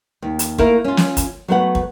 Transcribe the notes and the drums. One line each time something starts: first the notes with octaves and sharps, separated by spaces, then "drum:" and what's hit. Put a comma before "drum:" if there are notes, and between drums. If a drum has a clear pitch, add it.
D#2
drum: hi-hat
A3 A#3 E4 A#4 F5, drum: kick
C#4 F4
drum: snare
drum: kick, hi-hat
F#3 A3 B3 B4 F#5
drum: kick